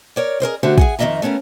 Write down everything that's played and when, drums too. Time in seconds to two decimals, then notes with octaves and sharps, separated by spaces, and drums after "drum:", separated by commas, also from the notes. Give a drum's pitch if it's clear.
0.16 A#4 C#5 D5
0.40 G#4 A#4 C5 D#5
0.63 D3 A3 F#4 G4 C5
0.78 G#4 F#5 G#5, drum: kick
0.99 F2 D#3 A#3 D#5 E5 A#5
1.22 A3 B3 C#4 A4 A#4